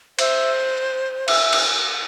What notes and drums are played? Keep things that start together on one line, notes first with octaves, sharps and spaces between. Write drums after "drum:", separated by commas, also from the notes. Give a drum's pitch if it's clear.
C5 E5, drum: cymbal
E5, drum: cymbal
drum: cymbal